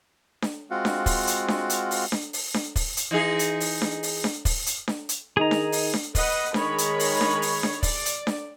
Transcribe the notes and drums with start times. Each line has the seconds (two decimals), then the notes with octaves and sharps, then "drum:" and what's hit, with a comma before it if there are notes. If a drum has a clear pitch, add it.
0.42 drum: snare D4
0.70 G#3 C4 F4 F#4 F5 F#5
0.85 drum: snare D4
1.06 drum: kick, open hi-hat
1.27 drum: hi-hat
1.48 drum: snare D4
1.70 drum: hi-hat
1.91 drum: open hi-hat
2.12 drum: snare D4
2.33 drum: open hi-hat
2.54 drum: snare D4
2.76 drum: kick, open hi-hat
2.97 drum: hi-hat
3.11 E3 D#4 G#4
3.39 drum: hi-hat
3.60 drum: open hi-hat
3.82 drum: snare D4
4.03 drum: open hi-hat
4.24 drum: snare D4
4.45 drum: kick, open hi-hat
4.66 drum: hi-hat
4.88 drum: snare D4
5.09 drum: hi-hat
5.37 D#3 D#4 G#4 A#5
5.51 drum: snare D4
5.72 drum: open hi-hat
5.94 drum: snare D4
6.15 B4 D#5 F#5, drum: kick, open hi-hat
6.54 D#3 G#3 C#5 B5, drum: snare D4
6.78 drum: hi-hat
7.00 drum: open hi-hat
7.21 drum: snare D4
7.42 drum: open hi-hat
7.63 drum: snare D4
7.83 D5, drum: kick, open hi-hat
8.06 drum: hi-hat
8.27 drum: snare D4